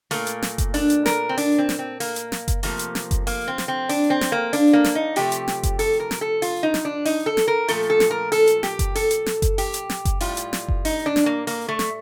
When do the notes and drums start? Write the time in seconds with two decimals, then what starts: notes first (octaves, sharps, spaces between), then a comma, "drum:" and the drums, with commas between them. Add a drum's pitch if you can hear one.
0.11 A#2 F3 A3 A#3, drum: open hi-hat
0.27 drum: hi-hat
0.42 drum: snare
0.58 drum: kick F#1, hi-hat
0.74 D4, drum: open hi-hat
0.90 drum: hi-hat
1.06 A#4, drum: snare
1.29 C4
1.38 D4, drum: open hi-hat
1.58 C4
1.69 drum: snare
1.79 C4
2.00 A#3, drum: open hi-hat
2.16 drum: hi-hat
2.32 drum: snare
2.48 drum: kick F#1, hi-hat
2.63 C3 F3 A3 A#3, drum: open hi-hat
2.79 drum: hi-hat
2.95 drum: snare
3.11 drum: kick F#1, hi-hat
3.27 A#3, drum: open hi-hat
3.48 C4
3.58 drum: snare
3.68 C4
3.89 D4, drum: open hi-hat
4.10 C4
4.21 drum: snare
4.32 A#3
4.53 D4, drum: open hi-hat
4.73 A#3
4.84 drum: snare
4.95 D#4
5.16 C3 F3 A3 G4, drum: open hi-hat
5.32 drum: hi-hat
5.48 drum: snare
5.63 drum: kick F#1, hi-hat
5.79 A4, drum: open hi-hat
6.00 A#4
6.11 drum: snare
6.21 A4
6.42 F4, drum: open hi-hat
6.63 D#4
6.74 drum: snare
6.85 D4
7.05 D#4, drum: open hi-hat
7.26 A4
7.37 drum: snare
7.48 A#4
7.68 A#2 F3 A3 A4, drum: open hi-hat
7.90 A4
8.00 drum: snare
8.11 A#4
8.32 A4, drum: open hi-hat
8.47 drum: hi-hat
8.63 G4, drum: snare
8.79 drum: kick F#1, hi-hat
8.95 A4, drum: open hi-hat
9.11 drum: hi-hat
9.26 drum: snare
9.42 drum: kick F#1, hi-hat
9.58 G4, drum: open hi-hat
9.74 drum: hi-hat
9.90 drum: snare
10.05 drum: kick F#1, hi-hat
10.20 A2 G3 F4, drum: open hi-hat
10.37 drum: hi-hat
10.53 drum: snare
10.68 drum: kick F#1
10.85 D#4, drum: open hi-hat
11.06 D4
11.16 drum: snare
11.26 A#3
11.47 A#3, drum: open hi-hat
11.68 A3
11.79 drum: snare